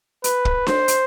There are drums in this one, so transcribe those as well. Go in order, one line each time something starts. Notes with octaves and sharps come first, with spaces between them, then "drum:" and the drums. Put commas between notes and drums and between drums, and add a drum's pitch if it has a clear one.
B4, drum: hi-hat
drum: kick
C5, drum: snare D4
drum: hi-hat